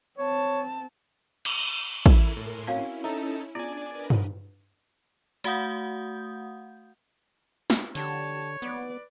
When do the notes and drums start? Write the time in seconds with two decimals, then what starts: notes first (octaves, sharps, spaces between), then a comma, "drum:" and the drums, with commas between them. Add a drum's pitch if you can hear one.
0.18 C4 C#5 A5
1.45 drum: cymbal
2.06 E4 A4 A#4, drum: kick
2.37 A2 A#4 G#5 C6
2.67 C4 C#4 E4 F#4 A#4 C#5 F5 G#5
3.04 D#4 A4 E5 A#5
3.55 B3 D4 F4 G#4 D5 G#5
3.88 A#4 B4 D#5
4.10 drum: tom G2
5.44 A3 F#4 F5 F#5 D#6 G6, drum: hi-hat
7.70 drum: snare
7.95 D3 G4 C#5 A5, drum: open hi-hat
8.62 B3 B4 D5